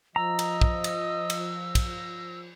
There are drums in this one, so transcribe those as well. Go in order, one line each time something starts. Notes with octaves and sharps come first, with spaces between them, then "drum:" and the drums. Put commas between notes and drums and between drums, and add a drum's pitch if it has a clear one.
F3 D#5 A#5 E6
drum: cymbal
drum: kick
drum: cymbal
drum: cymbal
drum: kick, cymbal